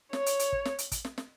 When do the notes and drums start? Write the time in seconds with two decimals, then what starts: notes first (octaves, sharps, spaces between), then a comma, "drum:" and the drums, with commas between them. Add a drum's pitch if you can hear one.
0.13 C#5, drum: snare
0.26 drum: hi-hat
0.39 drum: hi-hat
0.52 drum: kick
0.65 drum: snare
0.78 drum: hi-hat
0.92 drum: kick, hi-hat
1.05 drum: snare
1.18 drum: snare